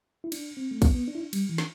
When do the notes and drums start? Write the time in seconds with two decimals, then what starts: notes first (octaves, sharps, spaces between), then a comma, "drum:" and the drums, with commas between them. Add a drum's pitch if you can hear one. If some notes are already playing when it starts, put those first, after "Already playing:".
0.24 E4
0.32 D4, drum: cymbal
0.57 C4
0.71 A3
0.82 B3, drum: kick, cymbal
0.94 B3
1.08 D4
1.15 E4
1.20 D4
1.33 G3, drum: cymbal
1.49 E3
1.58 drum: snare